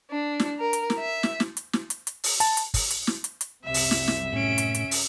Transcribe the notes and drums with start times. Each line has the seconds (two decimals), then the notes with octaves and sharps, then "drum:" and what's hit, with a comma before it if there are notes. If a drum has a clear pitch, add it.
0.10 D4
0.40 drum: snare
0.59 A#4
0.73 drum: hi-hat
0.90 drum: snare
0.99 E5
1.23 drum: snare
1.40 drum: snare
1.57 drum: hi-hat
1.73 drum: snare
1.90 drum: hi-hat
2.07 drum: hi-hat
2.24 drum: open hi-hat
2.40 A5, drum: hi-hat
2.57 drum: hi-hat
2.74 drum: kick, open hi-hat
2.90 drum: hi-hat
3.07 drum: snare
3.24 drum: hi-hat
3.41 drum: hi-hat
3.65 C2 F#2 C3 E5
3.74 drum: open hi-hat
3.91 drum: snare
4.08 drum: snare
4.33 A2 C#4 D7
4.58 drum: hi-hat
4.75 drum: hi-hat
4.91 drum: open hi-hat